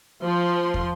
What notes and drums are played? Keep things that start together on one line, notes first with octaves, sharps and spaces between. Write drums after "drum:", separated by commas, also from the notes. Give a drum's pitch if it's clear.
F3 C6
drum: kick